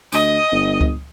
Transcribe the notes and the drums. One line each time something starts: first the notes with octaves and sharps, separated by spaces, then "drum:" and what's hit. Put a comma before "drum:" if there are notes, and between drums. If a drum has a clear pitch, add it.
D2 D#5, drum: tambourine
G1
drum: kick C#2